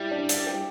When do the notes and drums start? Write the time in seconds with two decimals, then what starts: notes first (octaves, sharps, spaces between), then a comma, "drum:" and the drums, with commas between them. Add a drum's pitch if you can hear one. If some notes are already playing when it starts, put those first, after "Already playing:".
Already playing: G3 E4 G4
0.11 D4
0.29 D4, drum: hi-hat
0.47 G4